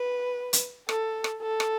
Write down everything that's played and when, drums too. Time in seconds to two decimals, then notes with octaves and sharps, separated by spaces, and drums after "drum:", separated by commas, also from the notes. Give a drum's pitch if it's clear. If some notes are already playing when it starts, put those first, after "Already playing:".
Already playing: B4
0.53 drum: hi-hat
0.89 A4, drum: rim click
1.24 drum: rim click
1.42 A4
1.60 drum: rim click